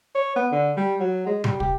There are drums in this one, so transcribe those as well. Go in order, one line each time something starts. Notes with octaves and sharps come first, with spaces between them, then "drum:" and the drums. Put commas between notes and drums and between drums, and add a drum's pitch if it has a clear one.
C#5
B3
D3
G3
F#3
G#3
G3, drum: tom C3
G4, drum: kick